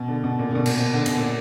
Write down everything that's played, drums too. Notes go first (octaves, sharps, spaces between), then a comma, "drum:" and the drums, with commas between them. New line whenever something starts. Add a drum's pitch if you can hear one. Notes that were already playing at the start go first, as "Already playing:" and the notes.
Already playing: B2
D3
B2
A#2
D3
B2
A#2, drum: cymbal
B2
D3
B2, drum: cymbal
A#2